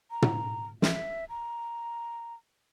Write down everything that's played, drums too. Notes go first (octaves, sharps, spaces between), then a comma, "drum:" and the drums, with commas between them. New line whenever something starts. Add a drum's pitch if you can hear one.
A#5
drum: tom
E5, drum: snare
A#5